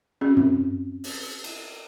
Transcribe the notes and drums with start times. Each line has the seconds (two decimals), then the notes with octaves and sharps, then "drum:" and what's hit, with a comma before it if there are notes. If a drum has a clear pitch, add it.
0.21 C4 C#4 F#4 G#4
0.37 drum: tom
1.04 drum: open hi-hat
1.44 drum: cymbal